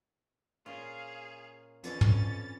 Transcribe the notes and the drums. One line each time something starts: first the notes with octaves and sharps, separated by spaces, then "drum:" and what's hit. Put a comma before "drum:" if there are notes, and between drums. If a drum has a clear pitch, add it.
A#2 C#4 F4 G#4 F5
F2 D3 E3 C#4 A6, drum: hi-hat
drum: tom